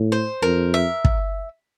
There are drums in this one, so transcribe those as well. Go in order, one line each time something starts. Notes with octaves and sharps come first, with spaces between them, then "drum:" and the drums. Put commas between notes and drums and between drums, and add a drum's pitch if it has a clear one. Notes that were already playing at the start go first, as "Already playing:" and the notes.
Already playing: A2
C5
F2 A#4
E5
drum: kick